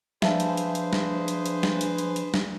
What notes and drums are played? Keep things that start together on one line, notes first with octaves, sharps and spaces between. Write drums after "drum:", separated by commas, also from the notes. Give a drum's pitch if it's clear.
F3 D4 G#4 B4 C5 E5 F5 A5, drum: snare
drum: hi-hat
drum: hi-hat
drum: hi-hat
drum: snare
drum: hi-hat
drum: hi-hat
drum: snare
drum: hi-hat
drum: hi-hat
drum: hi-hat
drum: snare